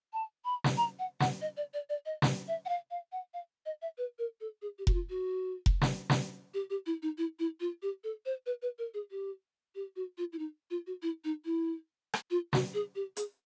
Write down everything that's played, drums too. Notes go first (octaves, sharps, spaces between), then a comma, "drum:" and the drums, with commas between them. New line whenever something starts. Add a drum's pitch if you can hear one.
A5
B5
drum: snare
A#5
F#5
F#5, drum: snare
D#5
D5
D5
D5
D#5
drum: snare
E5
F#5
F5
F5
F#5
F5
D#5
E5
B4
A#4
A4
G#4
G4
F#4, drum: kick F1
F4
F#4
drum: kick F1
drum: snare
drum: snare
G4
G4
E4
D#4
E4
E4
F4
G4
A4
C5
B4
B4
A#4
G#4
G4
G4
F#4
F4
E4
D#4
F4
F#4
E4
D#4
E4
drum: rim click
F4
F#4, drum: snare
G#4
G4
G#4, drum: hi-hat